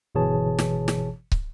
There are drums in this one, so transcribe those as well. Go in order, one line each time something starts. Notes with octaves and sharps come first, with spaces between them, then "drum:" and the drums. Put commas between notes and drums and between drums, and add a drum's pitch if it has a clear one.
G1 B2 E3 G#4 C#5 A5
drum: snare
drum: snare
drum: kick